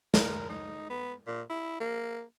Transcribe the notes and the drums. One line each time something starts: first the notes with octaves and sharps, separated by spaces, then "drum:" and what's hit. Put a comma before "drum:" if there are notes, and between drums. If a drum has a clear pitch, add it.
A#4, drum: snare
D#4
B3
A#2
E4
A#3